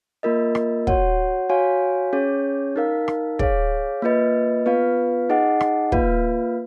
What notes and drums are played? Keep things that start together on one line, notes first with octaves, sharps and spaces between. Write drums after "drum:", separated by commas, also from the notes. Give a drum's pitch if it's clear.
A#3 F4 A#4 D#5
drum: rim click
F#4 C#5 F#5, drum: kick
F#4 C#5 F5 G#5
C#4 G#4 C#5
D#4 A#4 F5
drum: rim click
G#4 C#5 F5, drum: kick
A#3 F4 B4 D#5
B3 F4 B4 F5
D#4 G#4 D#5 F#5
drum: rim click
A#3 F4 B4 F5, drum: kick